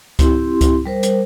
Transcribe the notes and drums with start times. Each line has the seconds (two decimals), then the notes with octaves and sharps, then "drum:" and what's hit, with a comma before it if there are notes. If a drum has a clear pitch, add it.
0.19 C4 E4 G4 C6, drum: kick C#2, hi-hat
0.61 drum: kick C#2, hi-hat
0.86 G3 A#4 C5
1.03 drum: hi-hat